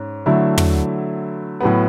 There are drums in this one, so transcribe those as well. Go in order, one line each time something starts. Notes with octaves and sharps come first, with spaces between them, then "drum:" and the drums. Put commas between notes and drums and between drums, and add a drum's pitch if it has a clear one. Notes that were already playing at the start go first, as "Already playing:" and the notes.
Already playing: G#2 C#4
D3 F#3 A3 E4
drum: tom
A2 F#3 B3